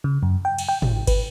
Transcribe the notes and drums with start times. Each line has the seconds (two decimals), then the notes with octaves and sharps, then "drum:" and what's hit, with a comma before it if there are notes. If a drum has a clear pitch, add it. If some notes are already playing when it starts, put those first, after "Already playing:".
0.04 C#3
0.23 F#2
0.45 G5
0.58 drum: cymbal
0.68 G5
0.82 G#1, drum: tom
1.07 B4, drum: kick, cymbal